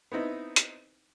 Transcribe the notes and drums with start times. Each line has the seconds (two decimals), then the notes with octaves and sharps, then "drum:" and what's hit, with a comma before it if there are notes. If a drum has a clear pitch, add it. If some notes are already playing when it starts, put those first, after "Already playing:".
0.12 B3 C4 D#4 E4
0.56 drum: hi-hat